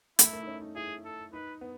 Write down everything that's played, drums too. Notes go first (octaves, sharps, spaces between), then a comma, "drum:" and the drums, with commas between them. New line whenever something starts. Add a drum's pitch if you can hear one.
A3 E4, drum: hi-hat
A3
D#4
C#4
D#4
E4 G#4
A4
D#4 B4
B3